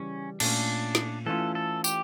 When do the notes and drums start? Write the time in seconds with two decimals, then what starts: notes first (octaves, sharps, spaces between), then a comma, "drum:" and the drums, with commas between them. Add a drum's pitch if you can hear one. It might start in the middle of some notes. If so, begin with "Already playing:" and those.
Already playing: C#3 E3 G3 C#4
0.40 A#2 A3 C#4 D4, drum: cymbal
0.95 drum: snare
1.26 E3 A3 C#4 F4 A4
1.55 A4
1.84 G4, drum: tambourine